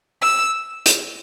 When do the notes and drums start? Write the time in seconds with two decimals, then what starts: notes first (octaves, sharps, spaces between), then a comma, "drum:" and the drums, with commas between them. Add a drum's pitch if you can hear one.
0.22 E6
0.86 drum: hi-hat